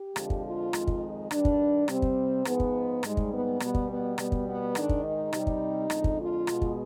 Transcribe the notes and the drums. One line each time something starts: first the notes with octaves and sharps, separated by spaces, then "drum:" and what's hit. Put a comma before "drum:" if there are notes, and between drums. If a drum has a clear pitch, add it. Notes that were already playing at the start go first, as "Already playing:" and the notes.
Already playing: G4
F2 D3 F3 G#3, drum: rim click
drum: kick
F4
F2 D#3 G#3, drum: rim click
drum: kick
G2 D#3 G3 D4, drum: rim click
drum: kick
C3 G3 C4, drum: rim click
drum: kick
G#2 F3 G#3 B3, drum: rim click
drum: kick
G#2 G3 G#3, drum: rim click
drum: kick
B3
B2 G3 B3, drum: rim click
drum: kick
B3
B2 G3 B3, drum: rim click
drum: kick
B3
G#2 D#3 G#3 D4, drum: rim click
drum: kick
D#4
C3 G3, drum: rim click
drum: kick
F2 D3 G#3, drum: rim click
drum: kick
F4
B2 G#3, drum: rim click
drum: kick